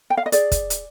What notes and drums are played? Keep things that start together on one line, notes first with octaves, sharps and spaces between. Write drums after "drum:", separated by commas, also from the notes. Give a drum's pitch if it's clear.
G5
F5
D#5
G#4 D5, drum: hi-hat
drum: kick, hi-hat
drum: hi-hat